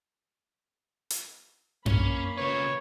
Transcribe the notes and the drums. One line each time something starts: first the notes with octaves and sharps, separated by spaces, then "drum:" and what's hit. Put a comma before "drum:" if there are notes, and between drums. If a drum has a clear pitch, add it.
drum: hi-hat
A#3 C#4 B5, drum: tom F#2
C#3 B4 C#5